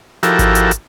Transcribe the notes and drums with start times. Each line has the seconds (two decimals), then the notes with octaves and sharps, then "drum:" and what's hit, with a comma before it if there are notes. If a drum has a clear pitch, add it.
0.23 F3 E4 F#4 G4 A4 A#4, drum: snare
0.39 drum: kick G#1, hi-hat
0.55 drum: hi-hat
0.71 drum: hi-hat